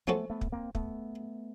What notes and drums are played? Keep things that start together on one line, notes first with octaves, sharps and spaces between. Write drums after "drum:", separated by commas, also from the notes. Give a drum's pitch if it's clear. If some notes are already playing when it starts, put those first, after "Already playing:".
F3 G#3 A3 B3 C#4 F#4 A4
A3 B3
drum: kick
A#3 C4
A3 B3, drum: kick